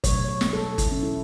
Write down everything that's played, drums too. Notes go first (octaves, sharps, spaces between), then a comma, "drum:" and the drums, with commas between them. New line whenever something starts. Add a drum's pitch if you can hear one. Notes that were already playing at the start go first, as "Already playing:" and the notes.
B2 F#3 A3 C#5, drum: kick, hi-hat
C#5
drum: snare
A4
E4, drum: kick, hi-hat
C#4
E4